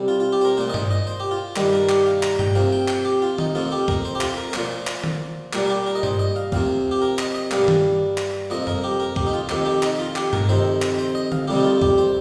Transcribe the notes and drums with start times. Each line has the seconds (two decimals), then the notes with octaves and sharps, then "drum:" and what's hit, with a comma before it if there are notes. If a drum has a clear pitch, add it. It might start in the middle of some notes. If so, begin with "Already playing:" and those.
Already playing: C3 G3 A#3
0.08 F4
0.20 F4
0.33 G4
0.41 C5
0.45 A#4
0.57 A#2 A#3 C5
0.70 D#5
0.74 C5, drum: tom G2
0.91 D#5
1.07 C5
1.20 G4
1.31 F4
1.56 G2 D#3 G3 A#3, drum: clap
1.73 A#4
1.89 G4, drum: clap
2.06 F5
2.23 A#5, drum: clap
2.39 G5, drum: tom G2
2.55 C3 F3 A#3 F5
2.72 G5
2.88 G5, drum: clap
3.05 G4
3.22 F4
3.38 D#4, drum: tom D#3
3.55 F2 F3 A#3 F4
3.72 G4
3.88 A#4, drum: kick
4.05 C5
4.15 G4
4.21 F4, drum: clap
4.37 A#4
4.50 A#4
4.54 A#2 F3 A#3 C5, drum: clap
4.87 drum: clap
5.04 drum: tom D#3
5.53 A#2 G3 A#3 A#4, drum: clap
5.65 A#4
5.70 G4
5.86 A#4
5.95 D#5
6.03 C5, drum: tom G2
6.19 D#5
6.36 F5
6.52 C3 F3 A#3 F5, drum: kick
6.91 G4
7.02 A#4
7.19 D#5, drum: clap
7.35 D#5
7.51 G2 G3 A#3 F5, drum: clap
7.68 drum: tom D#3
8.18 drum: clap
8.50 F2 F3 A#3 D#5
8.67 A#4, drum: tom F2
8.84 G4
9.00 A#4
9.16 G4, drum: kick
9.27 D#4
9.33 F4
9.49 F2 D#3 A#3 G4, drum: clap
9.66 G4
9.83 D#4, drum: clap
9.99 F4
10.16 G4, drum: clap
10.33 A#4, drum: tom G2
10.49 F2 C3 D#3 C5
10.82 drum: clap
10.99 C5
11.15 D#5
11.32 F5, drum: tom D3
11.48 F2 C3 G3 A#3 G4
11.58 D#4
11.65 F4
11.81 G4, drum: kick
11.98 C5